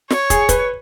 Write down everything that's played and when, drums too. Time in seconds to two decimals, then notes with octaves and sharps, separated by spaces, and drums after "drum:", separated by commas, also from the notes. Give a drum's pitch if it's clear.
0.10 C#5, drum: snare
0.30 G#4, drum: kick, hi-hat
0.49 B4, drum: kick, hi-hat